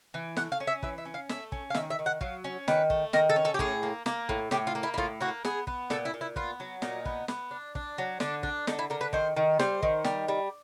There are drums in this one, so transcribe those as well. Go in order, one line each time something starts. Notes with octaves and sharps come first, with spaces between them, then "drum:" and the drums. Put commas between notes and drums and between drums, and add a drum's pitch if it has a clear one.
E3
A3 F#5, drum: snare
F5
C#4
E5
E3 E5, drum: kick
E5
C#4
F5
A3 E5, drum: snare
C#4, drum: kick
F5
D#3 E5, drum: snare
E5
D#3
F#5
F#3 F5, drum: kick
C#4
D#3 B4, drum: snare
A3, drum: kick
D#3 A#4, drum: snare
A4
C#4
A4
G4
A2 G#4, drum: kick
A#3
A#3, drum: snare
A2, drum: kick
A2 G4, drum: snare
F4
A#3
E4
E4
A2 F4, drum: kick
A#3 F#4
B3 G#4, drum: snare
B3, drum: kick
A#2 A4, drum: snare
E4
A#2
E4
B3 F4, drum: kick
F#3
A#2 D#4, drum: snare
B3, drum: kick
B3, drum: snare
D4
D4, drum: kick
F#3
D3 D4, drum: snare
D4, drum: kick
D3 D#4, drum: snare
E4
D3 A#4
B4
D#3 C5, drum: kick
D#3
G3 C5, drum: snare
D#3, drum: kick
G3, drum: snare
G3